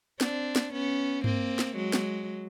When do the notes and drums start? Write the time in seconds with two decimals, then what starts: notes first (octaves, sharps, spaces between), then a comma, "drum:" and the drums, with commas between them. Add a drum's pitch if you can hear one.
0.21 C4 D4, drum: snare
0.56 drum: snare
0.72 B3 C#4
1.24 A#3 C4, drum: tom G2
1.59 drum: snare
1.76 F#3 G#3
1.93 drum: snare